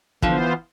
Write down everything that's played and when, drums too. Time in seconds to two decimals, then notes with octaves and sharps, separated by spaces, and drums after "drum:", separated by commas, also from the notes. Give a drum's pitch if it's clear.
0.22 D3 E3 F3 B3 F4 C5, drum: kick